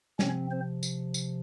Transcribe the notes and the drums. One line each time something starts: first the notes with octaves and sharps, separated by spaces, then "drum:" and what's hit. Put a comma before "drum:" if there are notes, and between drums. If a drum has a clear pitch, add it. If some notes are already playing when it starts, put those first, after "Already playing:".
C3 F3 C4 C#4 C#5, drum: snare
C4 C5
drum: tambourine
drum: tambourine